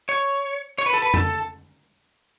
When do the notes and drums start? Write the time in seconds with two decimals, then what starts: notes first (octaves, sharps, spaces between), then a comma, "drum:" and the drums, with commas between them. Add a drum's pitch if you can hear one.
0.09 C#5
0.78 C#5, drum: hi-hat
0.86 B4
0.94 A4
1.02 B4
1.14 A4, drum: tom F2